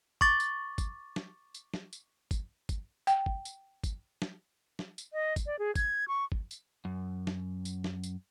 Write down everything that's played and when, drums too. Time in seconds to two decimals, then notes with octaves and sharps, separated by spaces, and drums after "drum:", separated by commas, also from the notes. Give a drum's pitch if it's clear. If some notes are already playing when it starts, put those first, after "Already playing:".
0.21 C#6 D6 A6, drum: kick
0.40 drum: tambourine
0.78 drum: kick, tambourine
1.16 drum: snare
1.54 drum: tambourine
1.74 drum: snare
1.93 drum: tambourine
2.31 drum: kick, tambourine
2.69 drum: kick, tambourine
3.07 G5, drum: tambourine
3.26 drum: kick
3.45 drum: tambourine
3.84 drum: kick, tambourine
4.22 drum: snare
4.79 drum: snare
4.98 drum: tambourine
5.13 D#5
5.36 drum: kick, tambourine
5.46 D5
5.59 G#4
5.75 G#6, drum: kick, tambourine
6.08 C#6
6.32 drum: kick
6.51 drum: tambourine
6.85 F#2
7.27 drum: snare
7.65 drum: tambourine
7.84 drum: snare
8.03 drum: tambourine